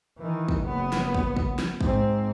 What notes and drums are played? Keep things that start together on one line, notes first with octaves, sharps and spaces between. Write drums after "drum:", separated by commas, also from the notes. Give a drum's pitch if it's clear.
D#3 E3
drum: kick
F#1 B3
drum: snare
drum: kick
drum: kick
drum: snare
G#2 C4, drum: kick